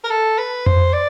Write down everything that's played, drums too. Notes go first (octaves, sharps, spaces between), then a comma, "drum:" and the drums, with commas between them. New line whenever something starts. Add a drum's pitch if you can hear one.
A#4
A4
B4
C5, drum: tom F2
D5